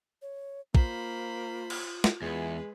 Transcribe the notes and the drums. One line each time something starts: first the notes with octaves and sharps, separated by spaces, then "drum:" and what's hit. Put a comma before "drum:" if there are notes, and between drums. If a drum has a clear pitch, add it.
C#5
A#3 F4 C5 B5, drum: kick
drum: cymbal
drum: snare
E2 G#3 G#4 B4